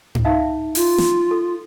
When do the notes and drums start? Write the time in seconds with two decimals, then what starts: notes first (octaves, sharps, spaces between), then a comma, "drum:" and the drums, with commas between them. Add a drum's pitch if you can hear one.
0.15 drum: tom G#2
0.25 D#4 E5 F5
0.75 F4, drum: open hi-hat
0.98 drum: snare
1.31 A4